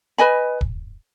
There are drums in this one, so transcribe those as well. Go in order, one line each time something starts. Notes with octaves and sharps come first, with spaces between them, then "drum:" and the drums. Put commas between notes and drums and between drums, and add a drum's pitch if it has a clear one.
B4 D#5 G#5 B5
drum: kick